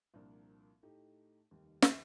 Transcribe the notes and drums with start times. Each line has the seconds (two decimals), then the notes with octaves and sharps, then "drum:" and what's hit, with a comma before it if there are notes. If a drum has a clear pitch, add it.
0.14 C2 A#2 F3 A#3 D4
0.83 A2 A3 D#4 G4
1.51 F1 D#2 D#3 G3
1.82 drum: snare